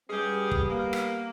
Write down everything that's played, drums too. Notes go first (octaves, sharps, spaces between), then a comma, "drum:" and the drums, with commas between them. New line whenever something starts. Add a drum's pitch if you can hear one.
G3 B3 C#4 G4 G#4
drum: kick
A#3
drum: rim click